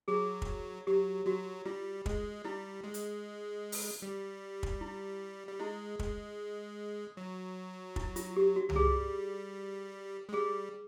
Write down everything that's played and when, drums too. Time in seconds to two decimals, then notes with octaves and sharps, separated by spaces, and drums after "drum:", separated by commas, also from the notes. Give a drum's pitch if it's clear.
0.08 F#3 G#4
0.42 drum: kick
0.86 F#3 G4
1.26 F#3 F#4
1.65 G3 F4
2.06 G#3, drum: kick
2.44 G3 E4
2.84 G#3
2.94 drum: hi-hat
3.72 drum: open hi-hat
4.02 G3
4.63 drum: kick
4.81 E4
5.49 G3
5.59 G#3 E4
5.99 G#3, drum: kick
7.17 F#3
7.96 E4, drum: kick
8.16 F4, drum: hi-hat
8.36 G4
8.56 F#4
8.70 F#3, drum: tom C2
8.76 G3 G#4
10.29 G#3
10.33 G3 G#4